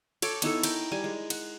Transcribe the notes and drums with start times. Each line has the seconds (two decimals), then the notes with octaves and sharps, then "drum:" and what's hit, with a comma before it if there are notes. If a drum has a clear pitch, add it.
0.22 A4 C#5 G5 D6, drum: cymbal
0.42 B3 D#4 E4 A4, drum: cymbal
0.63 A#4 G5, drum: cymbal
0.92 G3 G#5
1.04 G#3
1.30 F#5, drum: cymbal